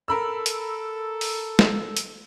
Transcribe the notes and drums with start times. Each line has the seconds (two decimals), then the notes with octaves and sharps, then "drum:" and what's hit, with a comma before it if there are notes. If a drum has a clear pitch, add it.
0.08 A4 A#4 B5 E6
0.46 drum: hi-hat
1.21 drum: open hi-hat
1.59 drum: snare
1.97 drum: hi-hat